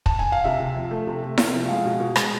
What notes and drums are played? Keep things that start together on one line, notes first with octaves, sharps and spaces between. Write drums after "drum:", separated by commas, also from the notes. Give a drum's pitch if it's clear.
A5, drum: kick
G#5
F5
C3 E5
C3
F3
A3
C3
A3
C3, drum: snare E4
F3
G#3 F5
B2
B2
G#3, drum: rim click